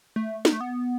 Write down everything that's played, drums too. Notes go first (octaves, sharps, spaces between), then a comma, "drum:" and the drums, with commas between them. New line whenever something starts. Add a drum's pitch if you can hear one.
A3
B3, drum: snare
A3
B3